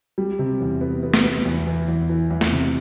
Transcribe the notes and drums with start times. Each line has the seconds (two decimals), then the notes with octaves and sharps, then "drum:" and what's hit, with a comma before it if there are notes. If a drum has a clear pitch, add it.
0.18 G3
0.39 C3
0.61 E2
0.81 B3
1.03 B3
1.14 drum: snare
1.24 B3
1.45 E2
1.67 E3
1.88 E2
2.09 E3
2.31 E2
2.41 drum: snare
2.52 C3